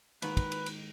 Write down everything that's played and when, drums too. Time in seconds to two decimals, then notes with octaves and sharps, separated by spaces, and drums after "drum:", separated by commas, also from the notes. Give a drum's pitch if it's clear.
0.22 D#2 G#2 D#3 B4, drum: cymbal
0.37 drum: kick, cymbal
0.52 drum: cymbal
0.66 drum: cymbal